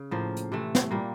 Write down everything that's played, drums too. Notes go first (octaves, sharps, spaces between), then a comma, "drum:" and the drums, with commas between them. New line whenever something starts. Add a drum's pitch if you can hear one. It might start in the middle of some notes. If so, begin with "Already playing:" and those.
Already playing: C#3
A2 F3 A#3
drum: hi-hat
C3 E3 A3
drum: snare
A#2 G3 A#3